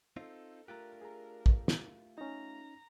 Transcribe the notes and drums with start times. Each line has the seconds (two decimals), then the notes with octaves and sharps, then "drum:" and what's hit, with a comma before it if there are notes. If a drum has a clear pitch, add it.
0.16 C4 D#4 F4 A4
0.68 A3 D4 F4 G4 A#4 A#5 F#6
1.01 G#4 A#5
1.46 drum: kick
1.68 drum: snare
2.18 C#4 D#4 A#5